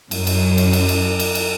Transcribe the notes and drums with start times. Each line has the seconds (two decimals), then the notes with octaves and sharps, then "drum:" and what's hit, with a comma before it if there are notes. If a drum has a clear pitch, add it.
0.11 F#2, drum: cymbal
0.27 drum: cymbal
0.58 drum: cymbal
0.73 drum: cymbal
0.89 drum: cymbal
1.19 drum: cymbal
1.35 drum: cymbal